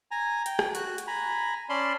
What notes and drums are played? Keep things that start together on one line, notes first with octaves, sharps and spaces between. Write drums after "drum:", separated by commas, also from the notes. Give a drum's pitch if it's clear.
G#5 A#5
G5, drum: hi-hat
drum: rim click
F#4 F#6, drum: hi-hat
drum: hi-hat
G#5 A#5 B5
C#4 D5 A5 B5 C6